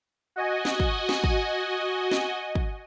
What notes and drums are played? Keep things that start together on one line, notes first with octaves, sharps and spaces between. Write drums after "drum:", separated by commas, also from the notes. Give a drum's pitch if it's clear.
F#4 D#5 G#5
drum: snare
drum: kick
drum: snare
drum: kick
drum: snare
drum: kick